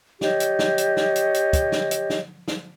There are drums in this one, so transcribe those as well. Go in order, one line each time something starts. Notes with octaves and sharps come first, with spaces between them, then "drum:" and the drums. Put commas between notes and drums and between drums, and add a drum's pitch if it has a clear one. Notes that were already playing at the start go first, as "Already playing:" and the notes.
G4 C#5 D#5, drum: snare
drum: hi-hat
drum: snare
drum: hi-hat
drum: snare
drum: hi-hat
drum: hi-hat
drum: kick, hi-hat
drum: snare
drum: hi-hat
drum: snare
drum: snare